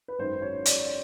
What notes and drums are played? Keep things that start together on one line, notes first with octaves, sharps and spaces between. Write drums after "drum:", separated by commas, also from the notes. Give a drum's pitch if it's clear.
B4
G#1 F#2 D#3 C5
C#5
D5, drum: hi-hat